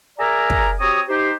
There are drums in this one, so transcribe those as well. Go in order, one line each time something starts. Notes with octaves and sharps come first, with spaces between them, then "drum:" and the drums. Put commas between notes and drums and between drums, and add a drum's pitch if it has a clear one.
G#4 A#4 D5 E5 G#5 A#5
drum: kick
C4 F#4 G4 C#5 A#5 D#6
D#4 G4 C5